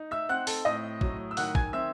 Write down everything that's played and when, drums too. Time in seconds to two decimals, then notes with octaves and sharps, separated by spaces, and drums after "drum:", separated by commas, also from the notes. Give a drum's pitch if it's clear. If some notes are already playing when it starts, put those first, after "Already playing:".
Already playing: D#4
0.11 E5 E6
0.29 C4 F#5 F#6
0.47 A4 A5, drum: open hi-hat
0.65 A2 D#5 D#6
1.01 F#3, drum: kick
1.31 E6
1.37 D#3 F#5 F#6, drum: open hi-hat
1.55 G#5 G#6, drum: kick
1.73 C4 E5 E6